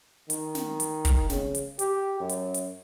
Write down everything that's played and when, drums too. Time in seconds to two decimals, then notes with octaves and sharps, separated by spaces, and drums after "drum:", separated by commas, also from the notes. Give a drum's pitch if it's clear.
0.30 D#3, drum: hi-hat
0.55 drum: snare
0.80 drum: hi-hat
1.05 drum: kick, hi-hat
1.30 C#3, drum: snare
1.55 drum: hi-hat
1.79 G4, drum: hi-hat
2.20 F#2
2.29 drum: hi-hat
2.54 drum: hi-hat